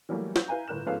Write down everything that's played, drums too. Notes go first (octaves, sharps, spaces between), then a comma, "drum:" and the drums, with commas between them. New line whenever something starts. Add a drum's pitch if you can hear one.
E3 F#3 G3 A3 A#3
G6, drum: snare
E4 B4 F5 G#5 A#5
G1 A2 A#4 F#6 E7
G#2 F3 B3 C#4 A4 F5